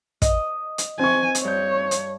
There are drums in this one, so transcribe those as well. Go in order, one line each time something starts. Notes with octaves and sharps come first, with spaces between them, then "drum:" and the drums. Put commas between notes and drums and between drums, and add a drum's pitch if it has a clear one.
D#5, drum: kick, hi-hat
drum: hi-hat
C4 G#5 C#6
drum: hi-hat
G2 C#5 G6
drum: hi-hat